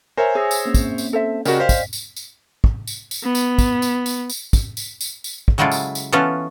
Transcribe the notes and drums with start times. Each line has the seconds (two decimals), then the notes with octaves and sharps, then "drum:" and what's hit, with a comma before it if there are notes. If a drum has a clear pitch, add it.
0.17 A#4 C5 C#5 E5 G#5
0.35 G#4 D#6 E6 A#6
0.51 drum: tambourine
0.65 A#3 C4 C#4
0.74 drum: kick, tambourine
0.98 drum: tambourine
1.13 A4 C5 E5
1.45 C#3 F#4 G4 A#4 D5 D#5 G5, drum: tambourine
1.60 C5 F5 B6
1.69 drum: kick, tambourine
1.93 drum: tambourine
2.16 drum: tambourine
2.64 drum: kick
2.87 drum: tambourine
3.11 drum: tambourine
3.24 B3
3.35 drum: tambourine
3.59 drum: kick, tambourine
3.82 drum: tambourine
4.06 drum: tambourine
4.30 drum: tambourine
4.53 drum: kick, tambourine
4.77 drum: tambourine
5.01 drum: tambourine
5.24 drum: tambourine
5.48 drum: kick
5.58 C#3 F#3 G#3 E4 F4 A4
5.72 drum: tambourine
5.95 drum: tambourine
6.12 E3 B3 C#4 F4 A4 F5